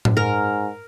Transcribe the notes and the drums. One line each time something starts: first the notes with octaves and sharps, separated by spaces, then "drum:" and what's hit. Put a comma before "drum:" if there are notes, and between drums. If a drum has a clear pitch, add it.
drum: tom A2
G#2 A#4